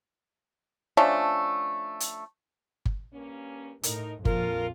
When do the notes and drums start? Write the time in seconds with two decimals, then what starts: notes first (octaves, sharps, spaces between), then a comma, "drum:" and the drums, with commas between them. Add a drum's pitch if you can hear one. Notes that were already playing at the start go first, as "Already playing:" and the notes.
0.97 F3 A3 C#4 D4
2.00 drum: hi-hat
2.85 drum: kick G1
3.13 G2 A#3 C#4
3.83 A2 D#4 A#4, drum: hi-hat
4.25 A#1 F2 A#3 F4 A#4, drum: kick G1